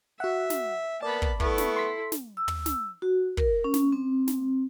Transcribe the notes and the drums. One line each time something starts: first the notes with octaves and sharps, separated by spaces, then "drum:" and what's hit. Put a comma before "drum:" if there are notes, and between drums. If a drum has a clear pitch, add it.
F#4 E5 F#5
drum: snare
A#3 B3 D5 A5 B5
drum: kick
A3 B3 E4 A4 C#6, drum: kick
drum: snare
C6 B6
drum: snare
E6
drum: tom
drum: snare
F#4
A#4, drum: kick
C#4
drum: snare
C4
drum: snare